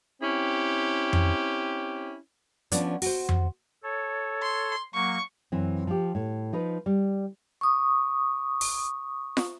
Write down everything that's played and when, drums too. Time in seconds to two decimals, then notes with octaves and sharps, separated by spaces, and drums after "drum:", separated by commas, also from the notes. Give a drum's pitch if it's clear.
0.22 C4 C#4 E4 G4
1.13 drum: tom F2
2.72 F3 B3 C#4 D4 D5, drum: hi-hat
3.02 F#4 C5, drum: open hi-hat
3.29 drum: tom F2
3.83 A4 C#5
4.42 C6
4.95 F#3 A#3 C#6
5.52 F#2 E3 C4
5.87 F3 G4
6.15 A2
6.53 F3 D#4 B4
6.86 G3
7.61 C#6 D#6
8.61 drum: open hi-hat
9.37 drum: snare